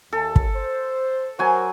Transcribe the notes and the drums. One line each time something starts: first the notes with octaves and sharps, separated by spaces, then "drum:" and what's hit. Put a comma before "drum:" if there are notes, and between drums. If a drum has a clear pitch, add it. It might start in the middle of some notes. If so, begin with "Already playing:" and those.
D#2 A4
drum: kick
C5
F#3 A#4 C5 G#5